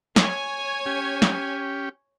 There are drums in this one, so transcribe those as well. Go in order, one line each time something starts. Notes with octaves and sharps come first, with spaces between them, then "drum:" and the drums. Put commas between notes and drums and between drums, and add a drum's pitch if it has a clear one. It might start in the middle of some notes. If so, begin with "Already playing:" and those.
C#5 G#5, drum: snare
C#4 G4
drum: snare